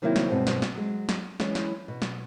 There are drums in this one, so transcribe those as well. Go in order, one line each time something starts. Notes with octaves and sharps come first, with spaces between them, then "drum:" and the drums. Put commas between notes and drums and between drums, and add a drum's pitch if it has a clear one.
C3 D#3 F#3 A#3 C4 E4
drum: snare
G2 B2 G#3 B3 C4
drum: snare
drum: snare
F#3 G#3
drum: snare
E3 G#3 C#4, drum: snare
drum: snare
B2
drum: snare